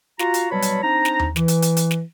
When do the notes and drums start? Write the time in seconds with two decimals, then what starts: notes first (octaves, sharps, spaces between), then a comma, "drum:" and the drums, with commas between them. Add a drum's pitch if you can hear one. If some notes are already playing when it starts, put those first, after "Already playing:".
0.19 F4 F#4 A#5, drum: snare
0.34 drum: hi-hat
0.52 B2 F#3 G3 C#5 A5 B5
0.62 drum: hi-hat
0.83 C4 D4 D#4 A#5
1.05 drum: snare
1.19 drum: tom D#2
1.36 E3, drum: snare
1.48 drum: hi-hat
1.62 drum: hi-hat
1.77 drum: hi-hat
1.91 drum: snare